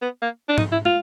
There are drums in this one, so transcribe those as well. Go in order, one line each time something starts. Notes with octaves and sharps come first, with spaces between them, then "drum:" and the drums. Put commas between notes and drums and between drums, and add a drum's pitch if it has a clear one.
B3
A#3
D4
D#4, drum: tom
E4
F4, drum: tom